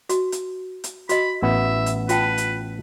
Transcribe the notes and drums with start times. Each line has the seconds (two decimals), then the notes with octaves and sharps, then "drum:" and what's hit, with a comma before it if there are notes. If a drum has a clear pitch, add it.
0.09 F#4, drum: hi-hat
0.32 drum: hi-hat
0.84 drum: hi-hat
1.09 F#4 D#5 B5, drum: hi-hat
1.42 A1 B3 E5
1.86 drum: hi-hat
2.09 F4 B4 G5 A5, drum: hi-hat
2.38 drum: hi-hat